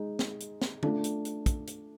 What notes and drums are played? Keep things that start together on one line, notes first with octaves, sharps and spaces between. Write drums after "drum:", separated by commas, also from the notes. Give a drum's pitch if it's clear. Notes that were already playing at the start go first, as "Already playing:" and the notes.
Already playing: G#3 D#4
drum: snare
drum: hi-hat
drum: snare
A3 D4 F4, drum: tom D3
drum: hi-hat
drum: hi-hat
drum: kick, hi-hat
drum: hi-hat